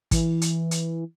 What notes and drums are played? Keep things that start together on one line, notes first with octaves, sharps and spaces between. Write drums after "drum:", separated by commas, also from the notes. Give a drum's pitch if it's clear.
E3, drum: kick, hi-hat
drum: hi-hat
drum: hi-hat